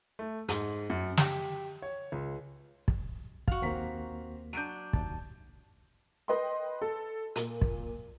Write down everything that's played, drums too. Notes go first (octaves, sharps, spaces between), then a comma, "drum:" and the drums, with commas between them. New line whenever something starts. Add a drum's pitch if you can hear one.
A3
G#2, drum: hi-hat
F#2
G4, drum: snare
C#5
C#2
drum: kick
F#4 F5, drum: kick
D#2 A#3 C4 A#5 B6
F#3 D4 G6 D7 D#7
D#2 A5, drum: kick
B4 D#5 G5 C6
A4
A#2, drum: hi-hat
drum: kick